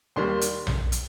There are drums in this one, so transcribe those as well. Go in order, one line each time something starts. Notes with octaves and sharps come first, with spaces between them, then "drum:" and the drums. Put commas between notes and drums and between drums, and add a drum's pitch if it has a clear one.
D#2 D#3 G3 C6
drum: hi-hat
drum: tom A#1
drum: hi-hat